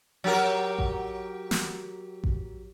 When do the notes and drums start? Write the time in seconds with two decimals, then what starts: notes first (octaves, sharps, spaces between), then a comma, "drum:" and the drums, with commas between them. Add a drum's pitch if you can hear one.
0.24 F#3 G4 A#4
0.79 drum: kick A1
1.51 drum: snare
2.24 drum: kick A1